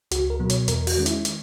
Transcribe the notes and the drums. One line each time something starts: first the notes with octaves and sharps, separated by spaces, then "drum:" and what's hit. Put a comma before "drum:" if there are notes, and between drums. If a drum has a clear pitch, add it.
C#2 F#4, drum: hi-hat
A#4
B2 F#3 B3
C#5, drum: hi-hat
E2 A#4, drum: hi-hat
F#4, drum: open hi-hat
D#3 G#3 C#4
E4, drum: hi-hat
drum: hi-hat